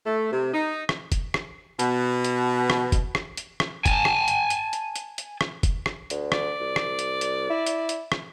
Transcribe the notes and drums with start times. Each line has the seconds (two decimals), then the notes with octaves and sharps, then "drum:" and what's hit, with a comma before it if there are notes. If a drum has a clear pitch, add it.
0.06 A3
0.32 C3
0.52 D#4
0.89 drum: rim click
1.12 drum: kick F1, hi-hat
1.34 drum: rim click
1.79 B2, drum: hi-hat
2.25 drum: hi-hat
2.70 drum: rim click
2.92 drum: kick F1, hi-hat
3.15 drum: rim click
3.37 drum: hi-hat
3.60 drum: rim click
3.86 G#5 A5, drum: kick F1, hi-hat
4.05 drum: rim click
4.28 drum: hi-hat
4.50 drum: hi-hat
4.73 drum: hi-hat
4.96 drum: hi-hat
5.18 drum: hi-hat
5.41 drum: rim click
5.63 drum: kick F1, hi-hat
5.86 drum: rim click
6.10 D2, drum: hi-hat
6.32 D5, drum: rim click
6.60 C2
6.76 drum: rim click
6.99 drum: hi-hat
7.21 drum: hi-hat
7.50 E4
7.66 drum: hi-hat
7.89 drum: hi-hat
8.12 drum: rim click